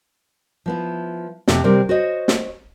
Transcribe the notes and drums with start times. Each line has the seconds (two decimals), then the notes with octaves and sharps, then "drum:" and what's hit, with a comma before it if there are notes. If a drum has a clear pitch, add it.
0.66 F3 B3 E4
1.48 F2 C3, drum: snare
1.64 C3 G3 C4 A#4 C5
1.89 F#4 C5 C#5 D#5
2.28 drum: snare